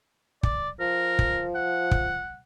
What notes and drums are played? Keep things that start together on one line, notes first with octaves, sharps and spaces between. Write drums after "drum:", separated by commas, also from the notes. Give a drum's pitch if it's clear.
D5, drum: kick
F3 A#4
drum: kick
F#5
drum: kick